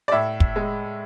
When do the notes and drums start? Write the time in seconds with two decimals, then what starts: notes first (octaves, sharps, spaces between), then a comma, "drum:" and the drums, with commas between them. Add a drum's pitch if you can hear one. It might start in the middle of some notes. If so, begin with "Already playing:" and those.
0.08 D5
0.12 A2 E5
0.40 drum: kick
0.56 G#3